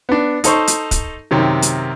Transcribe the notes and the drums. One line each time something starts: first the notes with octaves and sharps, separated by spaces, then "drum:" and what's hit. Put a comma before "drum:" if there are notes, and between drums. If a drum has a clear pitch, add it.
B3 D4
D#4 A4 C5 C#6, drum: hi-hat
drum: hi-hat
drum: kick, hi-hat
F#2 C3 D#3
drum: hi-hat